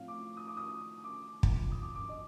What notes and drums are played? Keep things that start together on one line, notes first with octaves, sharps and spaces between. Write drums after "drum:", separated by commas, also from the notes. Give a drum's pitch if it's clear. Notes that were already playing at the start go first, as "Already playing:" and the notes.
Already playing: A2 F3 C4 F5
D6
D#6
D6
D#6
D6
A#1 A#2 F3 A#3, drum: kick
D#6
D6
D6
D#5